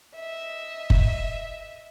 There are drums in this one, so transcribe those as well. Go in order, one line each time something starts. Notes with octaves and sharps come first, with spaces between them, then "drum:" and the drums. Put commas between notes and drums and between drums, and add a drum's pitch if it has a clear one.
D#5 E5
drum: kick F#1